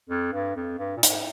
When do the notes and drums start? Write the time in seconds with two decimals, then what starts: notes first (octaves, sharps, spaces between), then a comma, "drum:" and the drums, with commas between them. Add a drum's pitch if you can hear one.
0.09 F2
0.33 G2
0.56 F2
0.79 G2
0.97 A#2
1.03 G#2, drum: hi-hat